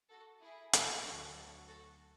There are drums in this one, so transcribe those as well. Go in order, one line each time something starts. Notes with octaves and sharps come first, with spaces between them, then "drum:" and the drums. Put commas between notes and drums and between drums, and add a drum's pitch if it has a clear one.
F#4 A4
E4 G#4
drum: hi-hat
D2 D3 F#3 F#4 A4
F#4 A4
F#4 A4